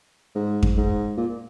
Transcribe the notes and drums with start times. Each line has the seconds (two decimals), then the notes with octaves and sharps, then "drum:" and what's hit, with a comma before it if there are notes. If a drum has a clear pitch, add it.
0.35 G#2
0.63 drum: kick F2
0.77 G#2
1.17 A#2